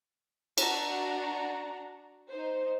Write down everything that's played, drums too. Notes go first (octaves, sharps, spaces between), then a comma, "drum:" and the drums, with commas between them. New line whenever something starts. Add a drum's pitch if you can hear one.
D4 F#4 A#5, drum: cymbal
D#4 C5